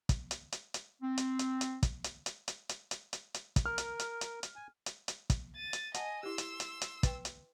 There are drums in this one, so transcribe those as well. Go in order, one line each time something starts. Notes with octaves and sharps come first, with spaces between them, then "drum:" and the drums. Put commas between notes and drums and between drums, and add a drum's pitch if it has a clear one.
drum: kick, hi-hat
drum: hi-hat
drum: hi-hat
drum: hi-hat
C4
drum: hi-hat
drum: hi-hat
drum: hi-hat
drum: kick, hi-hat
drum: hi-hat
drum: hi-hat
drum: hi-hat
drum: hi-hat
drum: hi-hat
drum: hi-hat
drum: hi-hat
drum: kick, hi-hat
A#4 F6
drum: hi-hat
drum: hi-hat
drum: hi-hat
drum: hi-hat
G#5
drum: hi-hat
drum: hi-hat
drum: kick, hi-hat
A6 D#7
drum: hi-hat
D#5 F#5 G#5 A5, drum: hi-hat
E4 G4 C6 E6
drum: hi-hat
drum: hi-hat
drum: hi-hat
B4 G5, drum: kick, hi-hat
drum: hi-hat